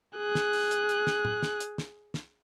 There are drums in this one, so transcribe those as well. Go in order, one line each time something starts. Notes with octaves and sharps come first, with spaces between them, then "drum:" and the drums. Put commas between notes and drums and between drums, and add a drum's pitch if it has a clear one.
G#4 F#6
drum: snare
drum: open hi-hat
drum: hi-hat
drum: hi-hat
drum: snare
drum: tom
drum: snare
drum: hi-hat
drum: snare
drum: snare